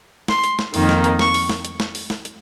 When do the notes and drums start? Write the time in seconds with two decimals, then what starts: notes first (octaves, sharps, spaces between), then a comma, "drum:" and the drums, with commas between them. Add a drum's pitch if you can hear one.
0.28 C6, drum: snare
0.44 drum: hi-hat
0.59 drum: snare
0.74 F2 D#3 A#3 D#4, drum: open hi-hat
0.89 drum: snare
1.04 drum: hi-hat
1.19 C#6, drum: snare
1.34 drum: open hi-hat
1.49 drum: snare
1.65 drum: hi-hat
1.80 drum: snare
1.95 drum: open hi-hat
2.10 drum: snare
2.25 drum: hi-hat